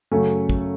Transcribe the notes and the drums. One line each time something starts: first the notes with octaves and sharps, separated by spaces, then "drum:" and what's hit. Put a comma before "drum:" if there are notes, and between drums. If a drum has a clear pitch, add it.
F#2 C#3 F#3 A3 C#4
drum: kick